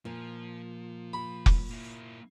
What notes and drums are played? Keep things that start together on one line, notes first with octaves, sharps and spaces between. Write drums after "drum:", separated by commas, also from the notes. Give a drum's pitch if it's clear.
A#2 F3
B5
drum: kick F1
A#3 E4